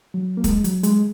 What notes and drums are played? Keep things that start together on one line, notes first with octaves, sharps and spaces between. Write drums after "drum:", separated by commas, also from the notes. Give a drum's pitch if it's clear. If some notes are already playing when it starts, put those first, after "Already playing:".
F#3
A#3
G#3, drum: kick, hi-hat
F#3, drum: hi-hat
G#3, drum: hi-hat